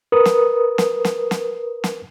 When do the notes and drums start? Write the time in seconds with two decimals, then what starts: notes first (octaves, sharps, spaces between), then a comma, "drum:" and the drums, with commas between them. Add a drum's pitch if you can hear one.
0.12 A#4 B4 D#6
0.25 drum: snare
0.78 drum: snare
1.05 drum: snare
1.31 drum: snare
1.84 drum: snare